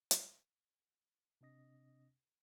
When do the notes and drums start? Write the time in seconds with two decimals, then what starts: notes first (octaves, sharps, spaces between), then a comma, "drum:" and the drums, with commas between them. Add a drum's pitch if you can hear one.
0.11 drum: hi-hat
1.41 C3 C4 D4 D#5 D#6 A#6